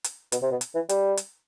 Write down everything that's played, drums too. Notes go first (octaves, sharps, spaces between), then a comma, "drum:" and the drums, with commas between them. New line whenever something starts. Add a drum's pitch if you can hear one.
drum: hi-hat
B2, drum: hi-hat
C3
B2
drum: hi-hat
E3
G3, drum: hi-hat
drum: hi-hat